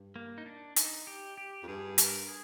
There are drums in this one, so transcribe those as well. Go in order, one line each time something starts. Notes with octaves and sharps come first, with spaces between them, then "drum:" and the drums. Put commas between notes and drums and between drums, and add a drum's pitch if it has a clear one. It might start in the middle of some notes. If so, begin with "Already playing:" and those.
Already playing: G2
A#3
D#4
D4
D#4, drum: hi-hat
G4
G4
F2
G2 G#4
A#4, drum: hi-hat
G#4